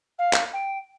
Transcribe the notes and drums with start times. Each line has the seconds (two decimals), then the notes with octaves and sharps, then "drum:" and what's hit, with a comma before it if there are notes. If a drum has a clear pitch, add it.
0.18 F5
0.33 drum: clap
0.53 G5